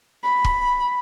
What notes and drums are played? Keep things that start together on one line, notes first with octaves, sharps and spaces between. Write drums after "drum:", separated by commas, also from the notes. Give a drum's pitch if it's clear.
B5
drum: kick